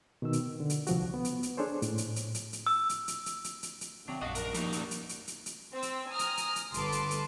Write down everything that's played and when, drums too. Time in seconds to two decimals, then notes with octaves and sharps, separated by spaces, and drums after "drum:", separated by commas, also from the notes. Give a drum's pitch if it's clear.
0.22 B2 D#3 E6
0.33 drum: hi-hat
0.60 D3
0.70 drum: hi-hat
0.87 C2 F3 F#4, drum: hi-hat
1.14 B3
1.25 drum: hi-hat
1.43 drum: hi-hat
1.57 D4 G#4 A4 C5 C#5
1.82 A2, drum: hi-hat
1.98 drum: hi-hat
2.16 drum: hi-hat
2.34 drum: hi-hat
2.53 drum: hi-hat
2.67 E6
2.89 drum: hi-hat
3.08 drum: hi-hat
3.26 drum: hi-hat
3.44 drum: hi-hat
3.63 drum: hi-hat
3.81 drum: hi-hat
4.08 C3 D#3 F#3 C4 D4
4.22 A#1 F#2 D4 F#4 D#5 F5
4.35 A#4, drum: hi-hat
4.54 F3 G3 A#3 D#4, drum: hi-hat
4.73 drum: hi-hat
4.91 drum: hi-hat
5.09 drum: hi-hat
5.28 drum: hi-hat
5.46 drum: hi-hat
5.72 C4 E6
5.82 drum: hi-hat
6.09 G#5 A#5 D#6 F6
6.19 drum: hi-hat
6.37 drum: hi-hat
6.56 drum: hi-hat
6.74 G1 A4 B4 A5 C6 D6, drum: hi-hat
6.92 drum: hi-hat
7.11 drum: hi-hat